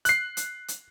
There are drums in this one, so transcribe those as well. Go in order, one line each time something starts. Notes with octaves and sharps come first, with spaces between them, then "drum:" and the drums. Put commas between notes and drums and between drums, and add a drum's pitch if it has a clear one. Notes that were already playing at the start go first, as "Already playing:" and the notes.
F#6 C7, drum: hi-hat
drum: hi-hat
drum: hi-hat